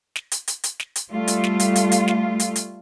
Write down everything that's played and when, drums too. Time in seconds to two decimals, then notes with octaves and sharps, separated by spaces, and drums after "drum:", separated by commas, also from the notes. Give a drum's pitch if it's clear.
0.16 drum: snare
0.32 drum: hi-hat
0.48 drum: hi-hat
0.64 drum: hi-hat
0.80 drum: snare
0.96 drum: hi-hat
1.12 G3 A3 F4
1.28 drum: hi-hat
1.44 drum: snare
1.60 drum: hi-hat
1.76 drum: hi-hat
1.92 drum: hi-hat
2.08 drum: snare
2.40 drum: hi-hat
2.56 drum: hi-hat